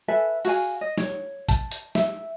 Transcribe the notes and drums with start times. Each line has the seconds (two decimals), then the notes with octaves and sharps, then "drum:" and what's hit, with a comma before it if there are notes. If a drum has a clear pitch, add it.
0.08 A4 B4 E5 G#5
0.45 F#4 G#4 F5 G#5, drum: open hi-hat
0.81 D#5
0.98 C#5, drum: snare
1.49 A5, drum: kick, hi-hat
1.71 drum: hi-hat
1.95 E5, drum: snare